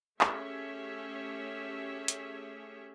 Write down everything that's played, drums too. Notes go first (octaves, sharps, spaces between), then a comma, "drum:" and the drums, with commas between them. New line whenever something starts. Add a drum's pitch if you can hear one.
A3 C#4 G4 G#4 C#5 E5, drum: clap
drum: hi-hat